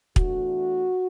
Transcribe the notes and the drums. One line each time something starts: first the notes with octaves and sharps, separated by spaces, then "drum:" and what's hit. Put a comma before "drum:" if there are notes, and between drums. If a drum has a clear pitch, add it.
E2 E3 A3 D4 F#4, drum: kick